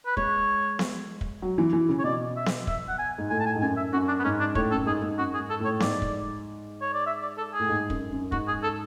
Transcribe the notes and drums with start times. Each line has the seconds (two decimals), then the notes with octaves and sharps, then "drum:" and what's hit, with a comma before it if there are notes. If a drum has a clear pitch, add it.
0.06 B4
0.17 G#3 C#5, drum: kick
0.79 drum: snare B3
1.21 drum: kick
1.42 F#3
1.58 E3
1.73 E3
1.89 C#3
1.99 C#5
2.04 B2 D5
2.36 E5
2.46 drum: snare B3
2.67 E5, drum: kick
2.88 F#5
2.98 G#5
3.18 G#2
3.30 A2 G#5
3.40 A5
3.46 G#5
3.56 G#2
3.61 F#2 G#5
3.77 E5
3.93 F#2 F#4
4.08 D4
4.19 B3
4.24 G#2 C#4
4.40 D4
4.55 A2 C#5, drum: kick
4.71 F#2 A4
4.86 G#2 G#4
5.02 G#2
5.18 F#2 F#4
5.34 G#4
5.40 G#2
5.50 A4
5.60 A2 C#5
5.80 G#2 D5, drum: snare B3
6.02 drum: kick
6.82 C#5
6.94 D5
7.06 E5
7.22 D5
7.37 A4
7.54 G#4
7.59 A2
7.69 G#2
7.90 F#2, drum: kick
8.11 F#2
8.32 G#2 F#4, drum: kick
8.48 G#4
8.63 A4